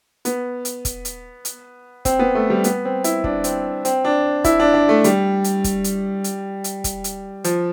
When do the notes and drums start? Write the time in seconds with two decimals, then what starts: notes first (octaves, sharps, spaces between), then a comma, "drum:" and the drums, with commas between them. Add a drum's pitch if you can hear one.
0.25 B3, drum: hi-hat
0.65 drum: hi-hat
0.85 drum: kick, hi-hat
1.05 drum: hi-hat
1.45 drum: hi-hat
2.05 C4, drum: kick, hi-hat
2.19 B3
2.35 A3
2.50 G3
2.64 B3, drum: hi-hat
2.85 C4
3.04 E4, drum: hi-hat
3.24 D4, drum: kick
3.44 C4, drum: hi-hat
3.85 C4, drum: hi-hat
4.05 D4
4.44 E4, drum: kick, hi-hat
4.60 D4
4.74 D4
4.89 A3
5.04 G3, drum: hi-hat
5.44 drum: hi-hat
5.64 drum: kick, hi-hat
5.84 drum: hi-hat
6.24 drum: hi-hat
6.64 drum: hi-hat
6.84 drum: kick, hi-hat
7.04 drum: hi-hat
7.44 F3, drum: hi-hat